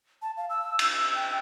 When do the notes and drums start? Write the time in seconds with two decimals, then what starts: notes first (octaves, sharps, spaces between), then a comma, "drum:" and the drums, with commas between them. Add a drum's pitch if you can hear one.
0.22 A5
0.37 F5
0.50 E6
0.79 E6, drum: cymbal
1.15 G5